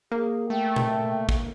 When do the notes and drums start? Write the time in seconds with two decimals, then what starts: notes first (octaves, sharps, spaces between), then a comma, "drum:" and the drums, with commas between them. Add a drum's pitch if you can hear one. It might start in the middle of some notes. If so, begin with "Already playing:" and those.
0.12 A#3 G#4
0.50 A3 G5
0.76 drum: tom A#2
1.29 drum: kick